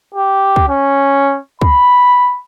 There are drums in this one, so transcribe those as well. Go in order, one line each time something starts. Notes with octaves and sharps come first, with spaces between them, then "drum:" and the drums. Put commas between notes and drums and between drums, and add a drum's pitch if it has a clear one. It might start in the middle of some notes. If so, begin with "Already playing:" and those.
G4
drum: kick
C#4
B5, drum: kick